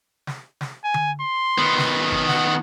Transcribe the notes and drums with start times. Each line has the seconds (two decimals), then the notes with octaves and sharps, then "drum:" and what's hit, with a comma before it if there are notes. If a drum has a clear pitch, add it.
0.27 drum: snare
0.61 drum: snare
0.84 G#5
0.94 drum: tom D3
1.21 C6
1.58 D#3 B3
1.78 drum: snare
2.11 drum: kick G1
2.28 F#5, drum: snare